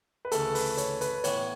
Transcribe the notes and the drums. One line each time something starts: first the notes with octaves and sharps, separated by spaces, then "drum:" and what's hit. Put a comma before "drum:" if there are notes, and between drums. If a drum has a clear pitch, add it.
B4
D2 C#3 E3 A3 A4, drum: hi-hat
B4, drum: open hi-hat
C#5, drum: hi-hat
B4, drum: hi-hat
A2 E3 B3 D4 C#5, drum: hi-hat